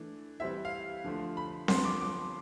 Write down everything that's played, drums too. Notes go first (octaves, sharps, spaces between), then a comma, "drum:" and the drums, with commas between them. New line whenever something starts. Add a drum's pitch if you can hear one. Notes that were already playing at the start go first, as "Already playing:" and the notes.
Already playing: E3 A3 D4
E3 G3 C4 E4 E5
F5
D3 F3 A3
B5
D3 F3 B3 C6, drum: snare C4
D6
D6